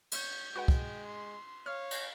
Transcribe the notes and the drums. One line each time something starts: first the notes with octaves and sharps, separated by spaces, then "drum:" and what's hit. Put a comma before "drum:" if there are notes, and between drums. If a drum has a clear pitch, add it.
C#5 G6, drum: cymbal
G#3 F#4 B4 F#5 G5
drum: kick
C6
C#5 F5 F6
drum: cymbal